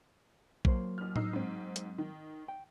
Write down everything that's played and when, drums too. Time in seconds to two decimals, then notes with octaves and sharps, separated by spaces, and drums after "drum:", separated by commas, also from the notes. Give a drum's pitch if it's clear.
0.65 F#3 A#3 C5, drum: kick
0.98 A1 F6
1.16 D#4 E6 C7, drum: tom A2
1.33 G#2 C4
1.76 drum: hi-hat
1.98 D#3
2.48 G5